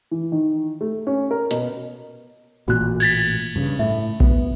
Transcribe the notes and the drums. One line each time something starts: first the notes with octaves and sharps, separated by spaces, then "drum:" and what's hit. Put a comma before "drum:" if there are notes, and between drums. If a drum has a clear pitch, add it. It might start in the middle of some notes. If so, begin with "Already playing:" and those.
E3
D#3
A3
C#4
A#4
B2, drum: hi-hat
A1 A#2 F#4 F#6
G#6 A6 B6, drum: cymbal
G2 C#3
A2 E5
B3, drum: kick A#1